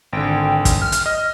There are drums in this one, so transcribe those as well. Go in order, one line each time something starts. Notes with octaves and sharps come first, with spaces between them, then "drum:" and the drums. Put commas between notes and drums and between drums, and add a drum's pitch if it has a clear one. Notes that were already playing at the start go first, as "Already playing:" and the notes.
G#1 D3 G5
drum: kick, hi-hat
F6
drum: hi-hat
D#5